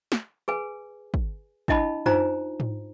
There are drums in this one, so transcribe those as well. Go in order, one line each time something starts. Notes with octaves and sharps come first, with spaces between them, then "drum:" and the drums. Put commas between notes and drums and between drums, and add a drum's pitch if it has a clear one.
drum: snare
G#4 B4 G#5
drum: kick
D4 E4 D#5 A5 B5, drum: kick
D#4 F4 C5 G#5 A#5, drum: tom F#2
drum: tom G#2